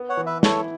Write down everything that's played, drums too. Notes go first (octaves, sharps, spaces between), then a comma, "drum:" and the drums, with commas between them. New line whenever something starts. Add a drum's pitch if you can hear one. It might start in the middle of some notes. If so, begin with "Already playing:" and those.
Already playing: B3
C#5 F#5
E3
B4 E5
E4 A4 C#5, drum: snare